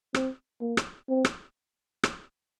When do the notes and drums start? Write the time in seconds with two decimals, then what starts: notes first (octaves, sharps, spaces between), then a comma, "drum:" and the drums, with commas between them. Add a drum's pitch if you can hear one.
0.14 C4, drum: rim click
0.61 A#3
0.77 drum: rim click
1.09 C4
1.25 drum: rim click
2.03 drum: rim click